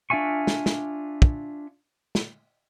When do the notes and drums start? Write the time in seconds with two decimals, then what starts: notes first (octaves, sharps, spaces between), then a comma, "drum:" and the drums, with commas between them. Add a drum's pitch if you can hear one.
0.10 D4 F4 E5 G#5 C#6
0.47 drum: snare
0.66 drum: snare
1.22 drum: kick
2.15 drum: snare